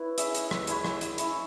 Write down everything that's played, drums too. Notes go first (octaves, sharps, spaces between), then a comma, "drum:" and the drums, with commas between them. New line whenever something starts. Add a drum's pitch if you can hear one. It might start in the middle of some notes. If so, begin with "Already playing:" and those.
Already playing: E4 B4 C#5
C#4 G#4 E5, drum: hi-hat
drum: hi-hat
drum: rim click
G#3 E4 C#5 E5, drum: hi-hat
drum: rim click
drum: hi-hat
C#4 E4 C#5 E5, drum: hi-hat